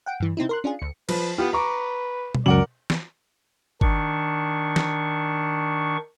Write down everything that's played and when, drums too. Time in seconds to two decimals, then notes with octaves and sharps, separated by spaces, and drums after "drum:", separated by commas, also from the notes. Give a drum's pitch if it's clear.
0.06 F#5 G5 D7
0.20 G2 E3
0.37 C3 C4 D#4 E4
0.49 A#4 C6 F#6
0.64 C#4 D4 F4 G#4
0.79 D2 C#7
1.09 F3 B4, drum: cymbal
1.38 B3 F4 G4
1.53 B4 A#5 C#6 D6
2.35 drum: tom B2
2.46 C#2 F#2 F#3 A#4 D5 F#5 F#7
2.90 drum: snare
3.81 D#3 D4 C#6, drum: kick
4.76 drum: snare